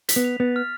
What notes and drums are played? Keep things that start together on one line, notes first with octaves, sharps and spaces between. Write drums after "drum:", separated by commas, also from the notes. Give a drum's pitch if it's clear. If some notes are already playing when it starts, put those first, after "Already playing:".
B6, drum: hi-hat
B3
F7
B3 A6
F6